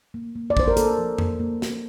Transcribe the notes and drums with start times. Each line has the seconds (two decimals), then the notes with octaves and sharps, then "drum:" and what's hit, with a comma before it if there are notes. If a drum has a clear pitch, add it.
0.14 A#3
0.36 A#3
0.50 D5
0.57 D4 C5, drum: kick A1
0.68 A#4
0.77 A#3 A4, drum: hi-hat
0.98 F3
1.18 A#3, drum: tom F2
1.40 A#3
1.62 drum: snare